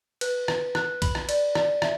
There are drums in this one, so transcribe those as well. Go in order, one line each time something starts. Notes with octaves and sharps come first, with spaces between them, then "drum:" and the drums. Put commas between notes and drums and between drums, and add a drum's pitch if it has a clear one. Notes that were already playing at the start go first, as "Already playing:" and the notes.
B4, drum: cymbal
B4, drum: rim click
F#6, drum: rim click
B5, drum: kick, cymbal
drum: rim click
D5, drum: cymbal
D5, drum: rim click
E5, drum: rim click